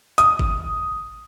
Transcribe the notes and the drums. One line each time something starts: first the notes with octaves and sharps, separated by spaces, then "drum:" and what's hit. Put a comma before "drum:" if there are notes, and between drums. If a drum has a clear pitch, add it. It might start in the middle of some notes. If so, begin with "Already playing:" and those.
D#6, drum: hi-hat
drum: kick